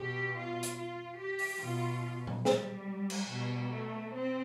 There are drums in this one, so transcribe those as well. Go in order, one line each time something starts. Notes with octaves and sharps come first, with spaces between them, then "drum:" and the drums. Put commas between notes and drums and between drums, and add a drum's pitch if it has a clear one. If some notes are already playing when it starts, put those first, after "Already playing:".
Already playing: B2 G4
F4
drum: hi-hat
F4
G4
drum: open hi-hat
B2 F4
drum: tom A#2
G3, drum: snare
drum: cymbal
B2 G3
A3
C4